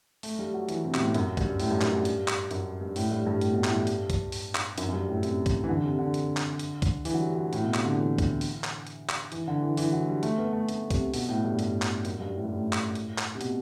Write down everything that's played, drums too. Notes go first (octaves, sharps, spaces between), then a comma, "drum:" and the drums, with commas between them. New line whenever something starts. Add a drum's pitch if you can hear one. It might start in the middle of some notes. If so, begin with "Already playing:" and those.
A3, drum: open hi-hat
G3
F#3
E3, drum: hi-hat
C3
B2, drum: clap
A2
F#2, drum: hi-hat
G2, drum: kick, hi-hat
A2, drum: open hi-hat
G2
F#2, drum: clap
G2
drum: hi-hat
drum: clap
F#2, drum: hi-hat
G2
A2, drum: open hi-hat
G2
G2
A2, drum: hi-hat
B2
A2, drum: clap
G2
drum: hi-hat
drum: kick, hi-hat
drum: open hi-hat
drum: clap
F#2, drum: hi-hat
F#2
G2
A2
C3, drum: hi-hat
drum: kick, hi-hat
E3
D3
C3
D3
drum: hi-hat
drum: clap
drum: hi-hat
drum: kick, hi-hat
E3, drum: open hi-hat
F#3
G3
F#3
A2, drum: hi-hat
B2
C3, drum: clap
D3
E3
drum: kick, hi-hat
drum: open hi-hat
drum: clap
drum: hi-hat
drum: clap
E3, drum: hi-hat
D3
E3
E3, drum: open hi-hat
F#3
G3
A3, drum: hi-hat
B3
A3
A3, drum: hi-hat
C3, drum: kick, hi-hat
B2, drum: open hi-hat
A2
G2
G2, drum: hi-hat
drum: clap
F#2, drum: hi-hat
G2
A2
G2
A2
drum: clap
drum: hi-hat
drum: clap
C3
B2, drum: hi-hat